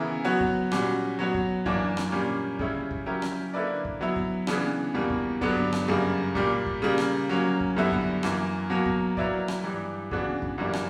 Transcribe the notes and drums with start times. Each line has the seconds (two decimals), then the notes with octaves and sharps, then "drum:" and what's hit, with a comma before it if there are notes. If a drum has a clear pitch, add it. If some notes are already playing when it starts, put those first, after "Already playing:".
Already playing: C#3 E3 B3 E4 A#4
0.25 F#3 B3 F#4 C#5
0.40 drum: kick
0.72 A#2 G3 C#4 F#4, drum: rim click
1.19 F#3 B3 F#4 C#5
1.34 drum: kick
1.66 F#2 E3 A#3 D4, drum: kick
1.97 drum: rim click
2.12 A#2 G3 A#3 C#4
2.59 C#3 G3 C#4 E4, drum: kick
2.91 drum: kick
3.06 F#3 C#4 E4 G4 A#4
3.22 drum: rim click
3.53 D3 A#3 E4 B4 D5
3.85 drum: kick
4.01 F#3 B3 E4
4.16 drum: kick
4.47 C#3 E3 B3 D4, drum: rim click
4.94 E2 B2 G3 A#3
5.10 drum: kick
5.41 G2 D3 F#3 B3 D4, drum: kick
5.73 drum: rim click
5.88 F#2 C#3 G3 A#3
6.35 A#2 G3 A#3, drum: kick
6.66 drum: kick
6.82 C#3 G3 A#3
6.98 drum: rim click
7.29 F#3 A#3 C#4
7.60 drum: kick
7.76 F#2 D3 G3 B3 E4
7.92 drum: kick
8.23 F#2 E3 A#3, drum: rim click
8.70 B2 F#3 A#3
8.86 drum: kick
9.17 F#3 A#3 E4 B4 D5, drum: kick
9.48 drum: rim click
9.64 G2 E3 G3
10.11 C#3 E3 B3 D4 F#4, drum: kick
10.42 drum: kick
10.58 F#2 E3 G3 A#3 D4
10.73 drum: rim click